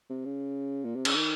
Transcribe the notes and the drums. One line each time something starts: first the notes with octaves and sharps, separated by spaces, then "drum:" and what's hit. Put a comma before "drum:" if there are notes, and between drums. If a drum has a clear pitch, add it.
C3
C#3
A#2
C3
C#3, drum: cymbal
D#3